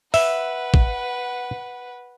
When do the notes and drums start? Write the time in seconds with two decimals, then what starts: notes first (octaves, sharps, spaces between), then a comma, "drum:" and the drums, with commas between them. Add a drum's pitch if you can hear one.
0.14 B4 E5 F#5, drum: open hi-hat
0.74 drum: kick